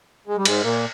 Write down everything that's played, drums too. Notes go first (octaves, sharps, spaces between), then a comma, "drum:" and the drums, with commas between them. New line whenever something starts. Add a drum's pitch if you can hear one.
G#3
G3
G#2 G#3, drum: cymbal
A#2 A#3